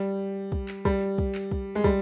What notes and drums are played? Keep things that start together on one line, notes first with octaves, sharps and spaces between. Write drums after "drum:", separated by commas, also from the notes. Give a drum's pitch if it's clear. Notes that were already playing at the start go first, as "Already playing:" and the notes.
Already playing: G3
drum: kick
drum: clap
G3, drum: kick
drum: kick
drum: clap
drum: kick
G#3
G3, drum: kick